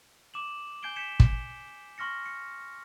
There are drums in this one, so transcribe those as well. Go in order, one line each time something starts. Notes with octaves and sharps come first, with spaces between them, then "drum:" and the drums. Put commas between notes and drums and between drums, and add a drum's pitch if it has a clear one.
D6 E7 F#7
G#5 G6 G#6 C7 D7 G7
G6 G#6 B6 C#7 E7
drum: kick
C6 C#6 F6 A#6 C#7
C#7